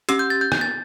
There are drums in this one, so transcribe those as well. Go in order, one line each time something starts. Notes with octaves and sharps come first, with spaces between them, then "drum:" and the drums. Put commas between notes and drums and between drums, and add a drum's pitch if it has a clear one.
C#4 G4 E6, drum: hi-hat
G6
A6
G6
G6, drum: rim click
A6